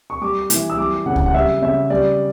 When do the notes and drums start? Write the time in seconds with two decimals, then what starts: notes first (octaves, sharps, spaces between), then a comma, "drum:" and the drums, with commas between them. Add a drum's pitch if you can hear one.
0.10 C#6
0.21 G3 D6
0.50 E3, drum: hi-hat
0.70 E6
0.77 G3 D6
1.06 C#3 F#5
1.16 drum: kick C#2
1.26 F#5
1.34 G3 E5
1.62 C#3 E5
1.90 G3 D5